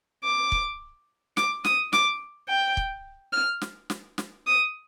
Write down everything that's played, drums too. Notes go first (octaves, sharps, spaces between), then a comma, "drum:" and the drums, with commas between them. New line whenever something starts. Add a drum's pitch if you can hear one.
D6
drum: kick
D6, drum: snare
D#6, drum: snare
D6, drum: snare
G5
drum: kick
F6
drum: snare
drum: snare
drum: snare
D#6